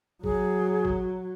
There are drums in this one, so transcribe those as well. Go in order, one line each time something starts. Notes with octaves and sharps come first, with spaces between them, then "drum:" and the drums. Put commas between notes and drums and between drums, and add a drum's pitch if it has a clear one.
F#3 G#4, drum: kick G#1
drum: kick G#1